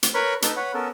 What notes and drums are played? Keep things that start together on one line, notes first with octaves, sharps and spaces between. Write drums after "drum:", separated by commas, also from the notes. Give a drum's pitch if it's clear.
drum: hi-hat
A#4 B4 C#5 B5 C#6
D#4 A4 B4, drum: hi-hat
B4 C#5 F#5 B5
B3 C#4 A4 A#4